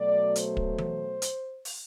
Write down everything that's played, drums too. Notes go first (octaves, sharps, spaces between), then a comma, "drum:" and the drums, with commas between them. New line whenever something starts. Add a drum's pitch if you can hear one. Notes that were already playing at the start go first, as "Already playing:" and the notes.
Already playing: B2 F#3 A3 D5
C5, drum: hi-hat
drum: kick
drum: tom E3
drum: hi-hat
drum: open hi-hat